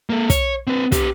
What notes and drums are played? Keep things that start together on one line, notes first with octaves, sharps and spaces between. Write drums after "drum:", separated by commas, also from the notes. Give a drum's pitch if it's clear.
A#3 A4
C#5, drum: kick, hi-hat
C4 B4
B3 G4, drum: kick, hi-hat